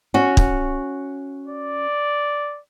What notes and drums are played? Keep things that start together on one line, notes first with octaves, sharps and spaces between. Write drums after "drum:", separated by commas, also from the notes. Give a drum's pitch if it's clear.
C#4 F#4
drum: kick
D5